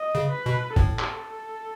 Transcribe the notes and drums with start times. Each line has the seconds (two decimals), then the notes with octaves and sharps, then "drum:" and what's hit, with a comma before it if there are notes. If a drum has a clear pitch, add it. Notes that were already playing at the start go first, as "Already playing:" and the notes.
Already playing: D#5
0.15 C#3
0.30 B4
0.46 B2
0.76 A2 A4, drum: kick G1
0.99 drum: clap